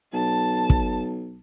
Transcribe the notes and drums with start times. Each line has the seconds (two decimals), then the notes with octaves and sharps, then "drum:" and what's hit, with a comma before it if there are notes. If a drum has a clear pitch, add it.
0.14 B1 A5
0.70 drum: kick